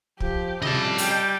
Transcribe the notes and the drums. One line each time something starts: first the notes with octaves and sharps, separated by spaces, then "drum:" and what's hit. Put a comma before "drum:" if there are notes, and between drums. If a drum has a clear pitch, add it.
F3 G4, drum: kick
F2 C#3 G3 E4 G4 D#5 A5, drum: tom B2
G5, drum: open hi-hat